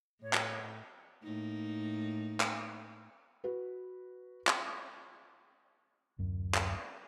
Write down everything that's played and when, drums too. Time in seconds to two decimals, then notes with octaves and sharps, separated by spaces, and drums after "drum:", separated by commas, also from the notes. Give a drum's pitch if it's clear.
0.23 A2 C#5
0.33 drum: clap
1.24 A2 A#3 D#4
2.40 drum: clap
3.44 F#4 B4
4.47 drum: clap
6.18 D1 F#2
6.54 drum: clap